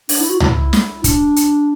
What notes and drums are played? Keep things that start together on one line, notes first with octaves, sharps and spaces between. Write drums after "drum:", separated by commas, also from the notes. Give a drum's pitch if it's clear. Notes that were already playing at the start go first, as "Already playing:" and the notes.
D4, drum: open hi-hat
E4
F#4
E4, drum: tom C#2
drum: snare
D4, drum: kick, hi-hat
drum: hi-hat